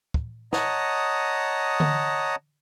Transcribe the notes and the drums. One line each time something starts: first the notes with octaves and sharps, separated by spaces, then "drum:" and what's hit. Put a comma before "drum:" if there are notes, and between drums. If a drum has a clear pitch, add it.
drum: kick
C#5 D#5 F#5 A5 A#5 D#6, drum: snare
drum: tom D3